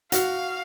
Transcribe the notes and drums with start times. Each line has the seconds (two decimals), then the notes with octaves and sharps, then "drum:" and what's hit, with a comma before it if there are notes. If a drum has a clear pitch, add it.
0.12 F#4 F5, drum: hi-hat